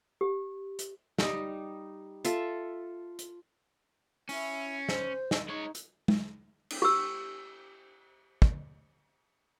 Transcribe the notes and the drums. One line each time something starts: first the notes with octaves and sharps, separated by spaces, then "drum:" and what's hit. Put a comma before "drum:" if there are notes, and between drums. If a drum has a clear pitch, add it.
G4
drum: hi-hat
G3 D#4, drum: snare
F4 A4 E5, drum: hi-hat
drum: hi-hat
C#4 E4, drum: open hi-hat
C5, drum: snare
drum: snare
G#3 D#4 C#5
drum: hi-hat
drum: tom G#3
drum: cymbal
G4 E6
drum: kick